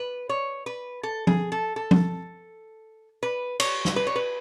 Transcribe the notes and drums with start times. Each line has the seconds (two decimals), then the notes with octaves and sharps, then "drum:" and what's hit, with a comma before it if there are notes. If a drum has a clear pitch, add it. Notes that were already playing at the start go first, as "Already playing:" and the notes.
Already playing: B4
0.29 C#5
0.66 B4
1.03 A4
1.27 G#4, drum: tom F3
1.52 A4
1.76 A4
1.91 drum: tom F3
3.23 B4
3.60 C#5, drum: cymbal
3.85 drum: snare
3.96 B4
4.07 C#5
4.16 B4